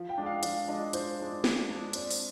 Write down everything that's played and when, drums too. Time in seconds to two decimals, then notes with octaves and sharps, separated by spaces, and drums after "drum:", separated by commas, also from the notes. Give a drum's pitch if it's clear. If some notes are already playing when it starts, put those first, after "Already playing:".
Already playing: F3
0.09 G5
0.18 G#3 D4
0.26 F5
0.43 F3 F5, drum: hi-hat
0.68 G#3 D4 D#5
0.93 F3 C5, drum: hi-hat
1.19 G#3 D4
1.44 F3, drum: snare
1.68 G#3 D4
1.93 C4 D5, drum: hi-hat
2.11 drum: open hi-hat